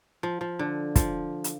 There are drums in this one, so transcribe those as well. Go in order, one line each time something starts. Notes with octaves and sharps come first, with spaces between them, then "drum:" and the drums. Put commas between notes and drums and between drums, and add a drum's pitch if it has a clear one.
F3
F3
D3
F3, drum: kick, hi-hat
drum: hi-hat